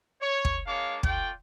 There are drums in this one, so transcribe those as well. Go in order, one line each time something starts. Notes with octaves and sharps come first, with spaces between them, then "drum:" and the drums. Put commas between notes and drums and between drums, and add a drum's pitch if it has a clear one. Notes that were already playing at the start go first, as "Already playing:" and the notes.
C#5
drum: kick
G#3 A#3 D4 C#5 F5 D6
A3 F4 D5 G5, drum: kick